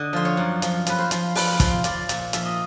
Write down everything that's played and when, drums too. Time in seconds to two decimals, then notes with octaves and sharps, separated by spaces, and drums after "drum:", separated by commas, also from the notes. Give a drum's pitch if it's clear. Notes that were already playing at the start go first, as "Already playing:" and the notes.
Already playing: D3 D#5
0.13 F3 C5
0.25 C#5
0.37 F#2
0.62 F3, drum: hi-hat
0.86 F3 B4, drum: hi-hat
0.99 C5
1.11 F3, drum: hi-hat
1.35 F3 B4, drum: open hi-hat
1.52 B4
1.60 F3 C5, drum: kick, hi-hat
1.84 F3 D5, drum: hi-hat
2.09 A#2, drum: hi-hat
2.33 F3 E5, drum: hi-hat
2.46 D#5